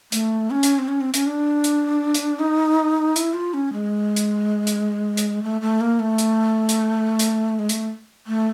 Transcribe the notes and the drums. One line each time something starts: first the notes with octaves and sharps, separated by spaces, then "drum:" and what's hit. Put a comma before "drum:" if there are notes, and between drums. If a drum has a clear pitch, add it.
A3, drum: hi-hat
C#4
drum: hi-hat
C4
C#4
C4
C#4, drum: hi-hat
D4
drum: hi-hat
drum: hi-hat
D#4
E4, drum: hi-hat
F4
C#4
G#3
drum: hi-hat
drum: hi-hat
drum: hi-hat
A3
A3
A#3
A3
drum: hi-hat
drum: hi-hat
drum: hi-hat
G#3
A3, drum: hi-hat
A3